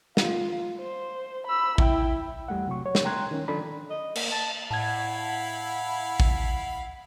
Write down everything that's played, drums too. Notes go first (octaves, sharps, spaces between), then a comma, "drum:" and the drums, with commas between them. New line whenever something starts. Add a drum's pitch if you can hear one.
F4, drum: snare
C5
B5 E6
E4 G5, drum: kick A1
E2 G3 A3 F#5
C3 F#3 C#6
C#5
drum: snare
G5 A#5 C6 F#6 G#6
D#3 C#4
D3 F3 D4 A4 D5 B5
D#5
A#3, drum: cymbal
A5
A2 E4 F5 F#5 A5 B5 G#6
drum: kick A1